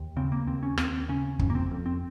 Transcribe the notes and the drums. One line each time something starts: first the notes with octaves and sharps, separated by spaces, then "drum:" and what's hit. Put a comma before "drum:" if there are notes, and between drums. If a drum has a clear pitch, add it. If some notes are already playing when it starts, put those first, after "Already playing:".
Already playing: D#2
C#3 C4
A#3
D#2 C4
C#4
D#2 C4, drum: rim click
C#3 C#4
F2 C#4, drum: kick
A#3
C4
F2
C4